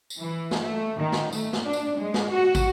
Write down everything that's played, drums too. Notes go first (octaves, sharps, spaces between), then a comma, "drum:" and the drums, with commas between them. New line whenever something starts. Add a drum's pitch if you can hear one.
drum: tambourine
E3
drum: snare
A3
D#3
drum: snare
A3, drum: tambourine
drum: snare
D4
drum: tambourine
G#3
drum: snare
F#4
drum: kick, tambourine